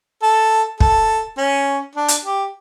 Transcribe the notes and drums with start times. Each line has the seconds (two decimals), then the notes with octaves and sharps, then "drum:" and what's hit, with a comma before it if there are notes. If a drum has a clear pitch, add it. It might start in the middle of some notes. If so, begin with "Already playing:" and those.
0.23 A4
0.80 A4, drum: kick
1.38 C#4
1.95 D4
2.08 drum: hi-hat
2.24 G4